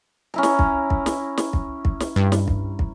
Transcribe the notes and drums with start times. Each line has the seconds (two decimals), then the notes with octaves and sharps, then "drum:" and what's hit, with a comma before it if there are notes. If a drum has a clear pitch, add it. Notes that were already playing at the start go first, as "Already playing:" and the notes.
0.34 C#4 E4 A#5
0.43 drum: snare
0.59 drum: kick
0.90 drum: kick
1.06 drum: snare
1.38 drum: snare
1.53 drum: kick
1.85 drum: kick
2.00 drum: snare
2.16 G2
2.32 drum: snare
2.48 drum: kick
2.79 drum: kick